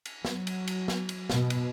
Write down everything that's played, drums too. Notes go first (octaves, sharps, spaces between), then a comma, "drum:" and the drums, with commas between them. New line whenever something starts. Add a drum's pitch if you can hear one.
drum: cymbal
F#3, drum: snare
drum: cymbal
drum: cymbal
drum: snare
drum: cymbal
B2, drum: snare
drum: cymbal